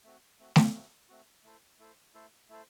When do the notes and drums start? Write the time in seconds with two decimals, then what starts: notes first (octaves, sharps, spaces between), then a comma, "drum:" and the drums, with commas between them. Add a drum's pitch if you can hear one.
0.04 A3 C4 F#4
0.39 A3 C4 F#4
0.56 drum: snare A3
0.73 A3 C4 F#4
1.09 A3 C4 F#4
1.44 A3 E4 A4 C5
1.79 A3 E4 A4 C5
2.14 A3 E4 A4 C5
2.49 A3 E4 A4 C5